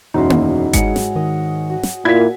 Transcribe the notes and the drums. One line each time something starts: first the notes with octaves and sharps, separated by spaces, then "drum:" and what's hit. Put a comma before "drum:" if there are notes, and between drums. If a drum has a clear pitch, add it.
E1 F#2 D#4 E4 F#4 C6
drum: tom A#3
G#2 G#4 C#5 F#5 C#7, drum: kick G1, hi-hat
drum: snare
D#3 D#5
F#4
drum: snare
A#2 E4 G#6 B6